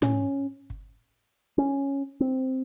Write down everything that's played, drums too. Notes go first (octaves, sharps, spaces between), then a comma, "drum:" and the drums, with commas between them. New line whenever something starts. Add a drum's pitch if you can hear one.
C#4, drum: tom
drum: kick G1
C#4
C4